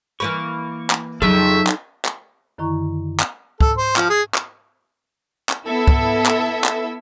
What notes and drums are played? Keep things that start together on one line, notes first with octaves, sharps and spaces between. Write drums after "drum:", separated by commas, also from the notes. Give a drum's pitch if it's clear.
E3 A#3 B4 C#6
drum: clap
F2 C#3 F#3 D#4 A4 E5
drum: clap
drum: clap
F#2 D3 D#3 E4 A#5 C#6
drum: clap
A4, drum: kick
C5
F3, drum: clap
G#4
drum: clap
drum: clap
B3 E4 A4 E5 E6
drum: kick
drum: clap
drum: clap